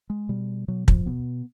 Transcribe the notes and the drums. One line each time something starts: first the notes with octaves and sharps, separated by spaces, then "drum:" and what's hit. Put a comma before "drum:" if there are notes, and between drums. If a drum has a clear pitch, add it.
G#3
B2 G3
B2 F#3
F3, drum: kick
B2 B3